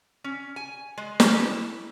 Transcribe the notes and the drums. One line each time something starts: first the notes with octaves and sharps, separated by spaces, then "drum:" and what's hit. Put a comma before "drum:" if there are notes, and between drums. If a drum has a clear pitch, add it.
C#4
G#5
G#3
C#4, drum: snare
E4